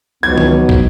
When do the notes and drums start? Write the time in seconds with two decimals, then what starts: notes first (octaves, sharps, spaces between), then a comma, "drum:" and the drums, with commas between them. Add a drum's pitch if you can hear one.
0.23 C#2 F3 F#3 B3 D#4 G#6
0.38 drum: tom D#3
0.69 drum: kick